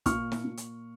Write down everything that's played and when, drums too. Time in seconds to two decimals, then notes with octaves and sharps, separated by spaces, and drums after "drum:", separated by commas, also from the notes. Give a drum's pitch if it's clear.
0.06 A#2 C#6 F6, drum: kick, hi-hat
0.32 drum: snare
0.44 A#2
0.57 drum: hi-hat